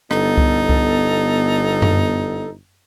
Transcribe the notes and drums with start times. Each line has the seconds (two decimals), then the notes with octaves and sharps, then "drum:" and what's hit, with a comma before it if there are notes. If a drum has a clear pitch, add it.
0.11 G1 B3 D#4 A4, drum: rim click
0.37 drum: kick C2
0.69 drum: kick C2
1.82 drum: tom F#2